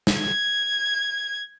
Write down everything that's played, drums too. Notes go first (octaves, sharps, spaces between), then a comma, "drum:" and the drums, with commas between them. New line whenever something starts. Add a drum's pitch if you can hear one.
drum: snare
G#6